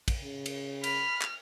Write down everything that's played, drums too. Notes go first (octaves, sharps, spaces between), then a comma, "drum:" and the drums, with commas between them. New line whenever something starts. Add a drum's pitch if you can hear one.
drum: kick, cymbal
C#3
drum: cymbal
B5 F6, drum: cymbal
drum: clap